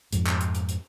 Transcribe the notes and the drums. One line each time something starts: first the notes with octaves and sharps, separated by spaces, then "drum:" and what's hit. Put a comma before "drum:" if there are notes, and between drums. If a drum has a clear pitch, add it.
F2 G#2, drum: hi-hat
drum: clap
drum: hi-hat
drum: hi-hat
drum: hi-hat